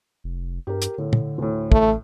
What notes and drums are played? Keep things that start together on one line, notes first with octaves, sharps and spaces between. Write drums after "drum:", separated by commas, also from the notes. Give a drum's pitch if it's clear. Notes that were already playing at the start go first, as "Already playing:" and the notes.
F1
G2 G4 A#4
drum: hi-hat
A2 D3
drum: tom
D2 A2
A1 A3, drum: kick